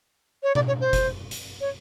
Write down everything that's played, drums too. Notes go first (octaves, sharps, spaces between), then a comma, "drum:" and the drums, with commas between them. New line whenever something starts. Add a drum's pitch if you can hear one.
C#5
D5, drum: tom B2
C#5
C5
drum: kick F#1, hi-hat
drum: hi-hat
C#5